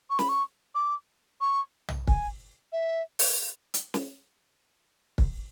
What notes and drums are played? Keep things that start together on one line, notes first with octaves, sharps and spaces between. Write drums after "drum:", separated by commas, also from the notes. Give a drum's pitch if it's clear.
C#6
B5, drum: snare
C#6
D6
C#6
drum: tom
G#5, drum: kick
E5
drum: open hi-hat
drum: hi-hat
drum: snare
drum: kick